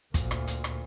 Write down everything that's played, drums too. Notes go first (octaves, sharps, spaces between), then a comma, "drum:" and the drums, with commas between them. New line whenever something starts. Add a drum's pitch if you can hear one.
D2 A#2, drum: kick, hi-hat
drum: rim click
drum: hi-hat
drum: rim click